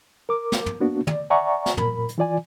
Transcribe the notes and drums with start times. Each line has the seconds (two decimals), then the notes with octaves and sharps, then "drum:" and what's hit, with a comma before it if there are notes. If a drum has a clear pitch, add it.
0.29 A#4 D6
0.52 drum: snare
0.66 drum: tom
0.80 A#3 B3 D4 F#4
1.07 D5, drum: tom
1.30 D5 E5 F#5 G#5 A#5 C#6
1.66 drum: snare
1.77 A#2 A#4 B5, drum: tom
2.09 drum: hi-hat
2.18 E3 F4 D5 G#5